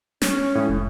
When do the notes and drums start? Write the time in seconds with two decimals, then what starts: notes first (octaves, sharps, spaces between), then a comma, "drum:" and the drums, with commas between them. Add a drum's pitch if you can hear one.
0.22 C#4, drum: snare
0.55 A2 E3 G#3 E4
0.69 F1